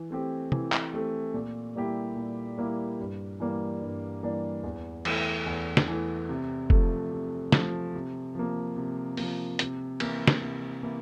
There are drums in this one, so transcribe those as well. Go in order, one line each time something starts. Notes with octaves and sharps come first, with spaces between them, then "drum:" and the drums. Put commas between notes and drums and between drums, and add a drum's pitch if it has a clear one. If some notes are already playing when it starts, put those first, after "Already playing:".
Already playing: E3
A3 C4 G4
E3, drum: tom
drum: clap
A3 C4 G4
A#2
G3 A#3 E4 G4
A#2
G3 A#3 E4 G4
G2
E3 G3 A#3 D4
G2
E3 G3 A#3 D4
E2
E3 A3, drum: cymbal
E2
drum: snare
E3 A3
C3
F3 A3, drum: kick
C3
F3 A3, drum: snare
C3
F3 A#3
C3
F3 A#3, drum: open hi-hat
C3, drum: hi-hat
E3 A#3 E4, drum: cymbal
drum: snare
C3
E3 A#3 E4